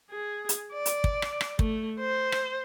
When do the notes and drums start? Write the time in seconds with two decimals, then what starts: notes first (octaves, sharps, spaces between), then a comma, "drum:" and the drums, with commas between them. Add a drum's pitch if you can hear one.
0.10 G#4
0.49 drum: hi-hat
0.73 D5
0.86 drum: hi-hat
1.04 drum: kick
1.22 drum: rim click
1.41 drum: rim click
1.59 A3, drum: kick
1.99 C5
2.32 drum: rim click